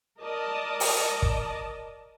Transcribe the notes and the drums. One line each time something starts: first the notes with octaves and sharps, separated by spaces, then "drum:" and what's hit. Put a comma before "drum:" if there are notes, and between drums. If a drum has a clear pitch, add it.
A#4 D5 D#5 A5
drum: open hi-hat
drum: kick